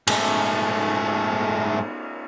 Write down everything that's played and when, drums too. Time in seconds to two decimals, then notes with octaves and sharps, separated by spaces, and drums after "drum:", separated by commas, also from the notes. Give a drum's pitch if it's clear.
0.07 G#2 A3, drum: cymbal